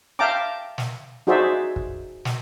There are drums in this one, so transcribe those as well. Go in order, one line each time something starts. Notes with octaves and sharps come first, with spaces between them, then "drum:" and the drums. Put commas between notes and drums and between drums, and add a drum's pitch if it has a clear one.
E5 F5 G5 A5 A#5 D6
drum: snare
D#4 F#4 G#4 C5 D5 E5
drum: kick
drum: snare